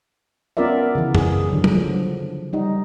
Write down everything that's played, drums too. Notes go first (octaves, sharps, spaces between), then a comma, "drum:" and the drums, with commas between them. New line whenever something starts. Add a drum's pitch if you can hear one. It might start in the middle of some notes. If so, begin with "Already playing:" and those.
B3 C#4 F4 A#4 D5 E5
C#3 E3
G#4, drum: tom F#2
D3 F#3
drum: tom
F3
G3 D#4